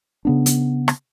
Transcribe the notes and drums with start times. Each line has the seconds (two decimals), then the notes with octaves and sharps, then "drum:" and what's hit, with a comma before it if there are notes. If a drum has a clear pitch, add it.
0.25 C#3 B3 D4
0.46 drum: hi-hat
0.88 drum: rim click